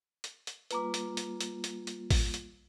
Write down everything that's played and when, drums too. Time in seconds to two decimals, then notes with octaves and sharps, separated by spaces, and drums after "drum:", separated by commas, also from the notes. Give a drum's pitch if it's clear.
0.24 drum: hi-hat
0.47 drum: hi-hat
0.71 G3 A#3 F4 B4 A#5 D6, drum: hi-hat
0.94 drum: hi-hat
1.17 drum: hi-hat
1.41 drum: hi-hat
1.64 drum: hi-hat
1.87 drum: hi-hat
2.10 drum: kick A1, open hi-hat
2.34 drum: hi-hat